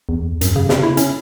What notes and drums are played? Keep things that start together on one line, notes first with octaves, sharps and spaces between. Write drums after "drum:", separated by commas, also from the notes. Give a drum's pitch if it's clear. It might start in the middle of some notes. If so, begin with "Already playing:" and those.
E2
F#2, drum: hi-hat
C#3
C#3, drum: snare
E4
C#4, drum: hi-hat